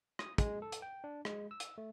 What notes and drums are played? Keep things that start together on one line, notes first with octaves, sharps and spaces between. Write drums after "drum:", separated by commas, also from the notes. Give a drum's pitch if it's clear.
D#6, drum: rim click
G#3, drum: kick, hi-hat
A4
drum: hi-hat
G5
D4
G#3, drum: rim click
E6
drum: hi-hat
A3